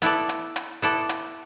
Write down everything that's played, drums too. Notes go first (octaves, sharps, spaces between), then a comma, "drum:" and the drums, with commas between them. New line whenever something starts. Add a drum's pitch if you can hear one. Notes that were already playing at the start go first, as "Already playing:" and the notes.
B3 E4 A4 D5, drum: hi-hat
drum: hi-hat
drum: hi-hat
B3 E4 A4 D5
drum: hi-hat